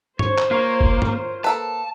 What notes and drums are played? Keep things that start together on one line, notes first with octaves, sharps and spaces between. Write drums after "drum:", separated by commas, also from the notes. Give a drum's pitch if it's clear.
C5 C#5, drum: tom
drum: clap
A#3 F4 A#4 C#5
drum: kick
drum: tom
A#3 A4 B4 A5